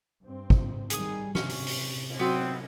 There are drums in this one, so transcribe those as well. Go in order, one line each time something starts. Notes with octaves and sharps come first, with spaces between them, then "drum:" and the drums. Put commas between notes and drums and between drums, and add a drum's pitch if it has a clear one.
G2 C4
drum: kick
D#3 G3 G#4 D#6, drum: hi-hat
A2 C3 C#4, drum: snare
drum: open hi-hat
drum: open hi-hat
drum: cymbal
F#3 B3 C4 F#4 B4